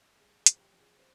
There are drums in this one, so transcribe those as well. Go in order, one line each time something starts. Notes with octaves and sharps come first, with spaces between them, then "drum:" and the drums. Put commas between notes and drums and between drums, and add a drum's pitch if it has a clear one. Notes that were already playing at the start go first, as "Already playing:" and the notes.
G2 G#4
G#4
F3, drum: hi-hat
G4
F3
G#4
C5